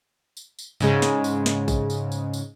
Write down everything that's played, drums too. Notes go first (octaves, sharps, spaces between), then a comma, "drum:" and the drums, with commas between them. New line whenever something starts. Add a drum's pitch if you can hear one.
drum: tambourine
drum: tambourine
G#2 C#3 G#3, drum: tambourine
drum: snare
drum: tambourine
drum: snare
drum: kick A#1, tambourine
drum: tambourine
drum: tambourine
drum: tambourine